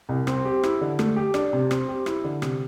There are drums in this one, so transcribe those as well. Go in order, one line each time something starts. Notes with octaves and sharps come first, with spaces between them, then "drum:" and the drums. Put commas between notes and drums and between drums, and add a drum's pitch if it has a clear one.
C2
C4, drum: rim click
G4
E4, drum: rim click
D3
A3, drum: rim click
G4
D4, drum: rim click
C3
C4, drum: rim click
G4
E4, drum: rim click
D3
C3, drum: rim click